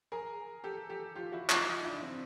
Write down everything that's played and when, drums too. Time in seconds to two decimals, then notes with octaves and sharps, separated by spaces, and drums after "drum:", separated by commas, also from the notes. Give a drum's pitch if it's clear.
0.12 G#4 A#4
0.64 G4 A4
0.89 G4 A4
1.15 F4 G4
1.32 E4 F#4
1.50 D#4 F4, drum: clap
1.67 D#4 F4
1.85 D4 E4
2.02 C4 D4